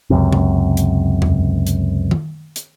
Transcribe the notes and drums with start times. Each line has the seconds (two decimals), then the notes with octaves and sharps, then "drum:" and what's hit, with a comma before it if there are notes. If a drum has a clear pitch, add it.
0.10 C#2 F#2 C3
0.33 drum: tom C3
0.77 drum: hi-hat
1.22 drum: tom E2
1.67 drum: hi-hat
2.11 drum: tom D#3
2.56 drum: hi-hat